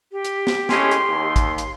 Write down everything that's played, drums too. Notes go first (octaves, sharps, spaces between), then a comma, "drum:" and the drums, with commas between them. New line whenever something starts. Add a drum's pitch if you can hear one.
G4
drum: hi-hat
drum: snare
A2 G#3 C#4 C6, drum: snare
drum: hi-hat
D#2
drum: kick, hi-hat
drum: hi-hat